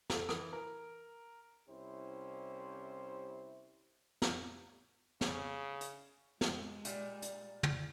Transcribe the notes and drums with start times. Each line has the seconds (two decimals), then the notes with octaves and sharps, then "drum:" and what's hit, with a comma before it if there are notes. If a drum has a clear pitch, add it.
0.10 A4, drum: snare
0.29 E3, drum: rim click
0.53 A#4
1.68 C2 C#4 E4 G4 C5
4.22 drum: snare
5.21 C#3, drum: snare
5.81 drum: hi-hat
6.41 G#3, drum: snare
6.85 A#2 G3, drum: hi-hat
7.22 drum: hi-hat
7.63 drum: tom